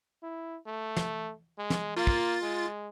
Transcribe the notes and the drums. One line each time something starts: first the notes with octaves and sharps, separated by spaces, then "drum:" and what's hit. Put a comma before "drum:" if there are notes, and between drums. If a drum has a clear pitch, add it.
E4
A3
drum: snare
G#3
drum: snare
A#3 F4 A6
drum: kick
G#3